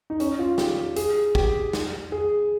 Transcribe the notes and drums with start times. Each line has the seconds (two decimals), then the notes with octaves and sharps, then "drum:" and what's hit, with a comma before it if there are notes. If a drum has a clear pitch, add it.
0.10 D#4
0.20 C#4, drum: hi-hat
0.39 F4
0.58 G4, drum: snare
0.96 G#4, drum: hi-hat
1.35 G4, drum: kick
1.73 drum: snare
2.12 G#4